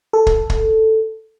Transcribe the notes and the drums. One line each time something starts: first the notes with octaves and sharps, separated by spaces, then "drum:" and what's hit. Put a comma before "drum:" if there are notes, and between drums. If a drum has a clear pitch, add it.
A4
drum: kick
drum: kick